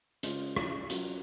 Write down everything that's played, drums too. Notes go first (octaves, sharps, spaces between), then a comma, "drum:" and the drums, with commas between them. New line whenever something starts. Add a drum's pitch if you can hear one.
C#3 G#3 C#4 F4, drum: hi-hat
drum: rim click
F#3 C#4 F4, drum: hi-hat